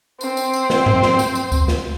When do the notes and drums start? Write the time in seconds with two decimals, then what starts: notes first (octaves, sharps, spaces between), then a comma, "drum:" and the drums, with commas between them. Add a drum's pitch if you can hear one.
0.21 C4 C5, drum: tambourine
0.37 drum: tambourine
0.53 drum: tambourine
0.70 drum: snare
0.86 drum: tom G2
1.03 drum: snare
1.19 drum: tambourine
1.35 drum: tambourine
1.52 drum: kick D2, tambourine
1.68 drum: snare